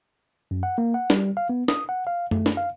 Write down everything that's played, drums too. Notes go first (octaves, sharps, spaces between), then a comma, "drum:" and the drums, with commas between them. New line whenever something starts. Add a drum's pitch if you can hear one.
F#2
F#5
A#3
F#5
G3, drum: snare
F5
B3
D#6, drum: snare
F#5
F5
A3, drum: tom F#2
drum: snare
F5